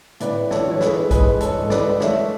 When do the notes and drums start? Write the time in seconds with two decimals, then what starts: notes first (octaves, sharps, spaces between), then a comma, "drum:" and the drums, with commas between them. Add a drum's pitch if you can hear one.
0.20 A2 B4 D5, drum: hi-hat
0.51 A4 C#5, drum: snare
0.66 E3 C#5
0.81 G#4 B4, drum: snare
1.11 G#2 G#4 B4, drum: kick, hi-hat
1.41 A4 C#5, drum: hi-hat
1.56 G#2
1.70 B4 D5, drum: snare
2.00 A3 C#5 E5, drum: snare